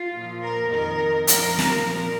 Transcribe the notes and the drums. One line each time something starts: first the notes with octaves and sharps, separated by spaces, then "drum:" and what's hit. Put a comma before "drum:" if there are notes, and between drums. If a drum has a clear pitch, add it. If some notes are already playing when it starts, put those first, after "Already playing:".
Already playing: F4
A#2 F3
A#4
F2 D#3 A#4
A#2 F3 A#4, drum: hi-hat
drum: snare
A#2 F3 A#4